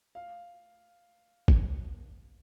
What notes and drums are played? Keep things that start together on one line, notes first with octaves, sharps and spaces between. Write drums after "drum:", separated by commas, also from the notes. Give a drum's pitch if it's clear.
F5
drum: kick